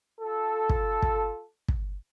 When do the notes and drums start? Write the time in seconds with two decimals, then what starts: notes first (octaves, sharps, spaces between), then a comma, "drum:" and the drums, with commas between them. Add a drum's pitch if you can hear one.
0.20 F4 A4
0.69 drum: kick
1.02 drum: kick
1.68 drum: kick